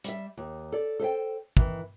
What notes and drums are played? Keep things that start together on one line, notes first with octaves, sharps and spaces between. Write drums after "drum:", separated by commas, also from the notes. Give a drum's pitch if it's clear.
G3 E5, drum: hi-hat
D#2
A4 D5
A4 C5 E5 G5
D#3 E3, drum: kick